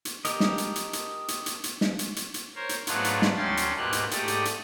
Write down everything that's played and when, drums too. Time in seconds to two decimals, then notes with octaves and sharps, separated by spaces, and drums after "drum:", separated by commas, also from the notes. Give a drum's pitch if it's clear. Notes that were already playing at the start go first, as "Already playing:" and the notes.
0.05 drum: hi-hat
0.25 G4 A4 A#4 D#5, drum: hi-hat
0.40 drum: snare
0.58 drum: hi-hat
0.76 drum: hi-hat
0.93 drum: hi-hat
1.28 drum: hi-hat
1.46 drum: hi-hat
1.64 drum: hi-hat
1.81 drum: snare
1.99 drum: hi-hat
2.16 drum: hi-hat
2.34 drum: hi-hat
2.55 A#4 C5 C#5
2.69 drum: hi-hat
2.87 G#2 F#3 A3 B3 D4 F4, drum: hi-hat
3.04 drum: hi-hat
3.22 drum: snare
3.36 D2 F#3 C#4 G5 C6 A6
3.57 drum: hi-hat
3.76 G#2 B2 A#3 F4 G4 F#6
3.93 drum: hi-hat
4.11 G#2 A3 G4 A4 D5 D#6, drum: hi-hat
4.28 drum: hi-hat
4.45 drum: hi-hat